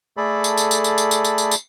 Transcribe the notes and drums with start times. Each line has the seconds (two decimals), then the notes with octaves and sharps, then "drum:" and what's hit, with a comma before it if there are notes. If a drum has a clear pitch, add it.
0.17 A3 G#4 A4 D5 B5
0.44 drum: tambourine
0.58 drum: tambourine
0.71 drum: tambourine
0.84 drum: tambourine
0.98 drum: tambourine
1.11 drum: tambourine
1.25 drum: tambourine
1.38 drum: tambourine
1.51 drum: tambourine